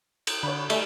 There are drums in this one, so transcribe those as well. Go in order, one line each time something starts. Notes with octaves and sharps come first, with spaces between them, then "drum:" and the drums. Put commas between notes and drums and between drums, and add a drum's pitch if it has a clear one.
drum: cymbal
D3 C#5 B5
G3 A3 D#5 G#5, drum: cymbal